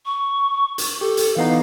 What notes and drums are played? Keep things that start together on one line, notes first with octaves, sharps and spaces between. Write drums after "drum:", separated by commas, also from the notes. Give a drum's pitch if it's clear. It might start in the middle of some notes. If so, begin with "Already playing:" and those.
C#6
drum: hi-hat
G4 A4
drum: hi-hat
E3 B3 D#4 F5